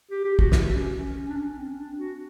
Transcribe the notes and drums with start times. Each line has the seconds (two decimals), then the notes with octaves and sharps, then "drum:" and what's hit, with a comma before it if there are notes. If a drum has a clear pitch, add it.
0.11 G4
0.25 G4
0.39 F#4, drum: kick
0.52 F#4, drum: snare
0.73 C#4
0.94 C#4
1.29 D4
1.36 C#4
1.56 C4
1.77 D4
1.98 F#4